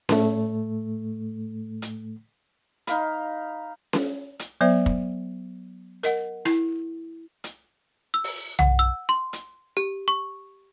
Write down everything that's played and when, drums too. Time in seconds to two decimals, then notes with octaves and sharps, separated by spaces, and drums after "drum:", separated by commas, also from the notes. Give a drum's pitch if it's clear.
0.09 A2 A3, drum: snare C#4
1.82 drum: hi-hat
2.87 D#4 F5 B5, drum: hi-hat
3.93 drum: snare C#4
4.39 drum: hi-hat
4.61 F#3 B3 C5 D5 E5
4.86 drum: kick
6.03 A#4 D#5 F#5, drum: hi-hat
6.45 E4, drum: rim click
7.44 drum: hi-hat
8.14 E6
8.24 drum: open hi-hat
8.59 F#5, drum: tom B1
8.79 E6
9.09 C6
9.33 drum: hi-hat
9.77 G4
10.08 C#6